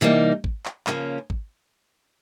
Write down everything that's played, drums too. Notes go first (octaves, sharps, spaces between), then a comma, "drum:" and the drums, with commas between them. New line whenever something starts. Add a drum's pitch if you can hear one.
C3 E3 G3 A#3 D#4
drum: kick G#1
drum: clap
C#3 F3 A#3 C#4, drum: clap
drum: kick G#1